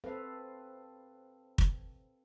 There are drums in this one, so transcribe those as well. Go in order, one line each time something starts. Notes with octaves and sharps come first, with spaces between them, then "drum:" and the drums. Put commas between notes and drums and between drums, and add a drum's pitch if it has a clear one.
C4 A4 B4 F5
drum: kick